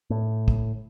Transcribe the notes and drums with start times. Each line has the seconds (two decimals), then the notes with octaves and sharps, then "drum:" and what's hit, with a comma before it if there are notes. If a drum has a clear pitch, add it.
0.10 A2
0.48 drum: kick